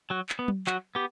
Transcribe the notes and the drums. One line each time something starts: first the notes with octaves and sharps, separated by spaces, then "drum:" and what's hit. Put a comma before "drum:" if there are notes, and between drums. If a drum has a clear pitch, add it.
F#3 F#4
drum: clap
B3
drum: tom F#3
F#3 F#4, drum: clap
B3 G4